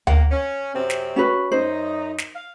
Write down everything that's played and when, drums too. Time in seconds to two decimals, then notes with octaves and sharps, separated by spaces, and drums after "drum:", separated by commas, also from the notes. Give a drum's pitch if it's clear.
0.07 A#3 F#5, drum: tom D2
0.30 C#4
0.74 F#2 C3 C4
0.90 drum: snare
1.16 C#4 F#4 B4
1.52 F#2 D#4 C5
2.18 drum: snare
2.35 F5